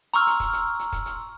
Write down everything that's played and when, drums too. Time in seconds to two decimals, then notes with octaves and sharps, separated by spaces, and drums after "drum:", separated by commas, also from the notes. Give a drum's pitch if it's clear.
0.13 A#5 C6 C#6 E6 F6, drum: hi-hat
0.27 drum: hi-hat
0.40 drum: kick, hi-hat
0.53 drum: hi-hat
0.79 drum: hi-hat
0.92 drum: kick, hi-hat
1.06 drum: hi-hat